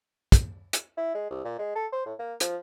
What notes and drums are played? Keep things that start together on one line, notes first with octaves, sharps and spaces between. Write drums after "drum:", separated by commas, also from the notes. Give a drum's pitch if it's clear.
drum: kick, hi-hat
drum: hi-hat
E4
G#3
C2
A#2
G#3
A4
C5
A2
A#3
F3, drum: hi-hat